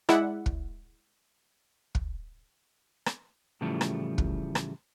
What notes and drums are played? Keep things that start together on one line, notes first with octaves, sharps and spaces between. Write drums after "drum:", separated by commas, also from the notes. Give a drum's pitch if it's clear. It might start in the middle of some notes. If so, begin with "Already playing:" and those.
G#3 E4 D5 E5 F#5, drum: rim click
drum: kick
drum: kick
drum: rim click
A2 C#3 E3 F3 G3 A3
drum: rim click
drum: kick
drum: rim click